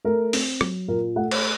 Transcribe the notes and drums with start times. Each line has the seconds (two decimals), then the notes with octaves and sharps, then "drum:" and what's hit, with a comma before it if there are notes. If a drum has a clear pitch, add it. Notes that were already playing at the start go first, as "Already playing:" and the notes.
0.05 A3 A#4
0.33 C4, drum: open hi-hat
0.61 F#3, drum: rim click
0.88 A#2 A#4
1.16 A3 F#5
1.31 drum: cymbal